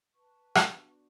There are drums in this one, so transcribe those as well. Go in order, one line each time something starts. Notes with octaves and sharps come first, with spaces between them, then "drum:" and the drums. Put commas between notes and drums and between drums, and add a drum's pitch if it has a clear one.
B4 A5 C#6
B3 D4 F#4, drum: rim click